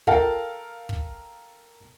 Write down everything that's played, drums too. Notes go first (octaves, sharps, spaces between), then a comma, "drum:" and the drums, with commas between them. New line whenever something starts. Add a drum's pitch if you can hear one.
A4 A#4 F5 G5 A5, drum: kick
drum: kick